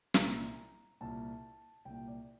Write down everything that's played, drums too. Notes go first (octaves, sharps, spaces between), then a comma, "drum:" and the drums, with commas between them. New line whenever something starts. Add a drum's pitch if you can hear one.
C2 A#2 A#5, drum: snare
C2 A#2 A5
C2 A#2 G5
D5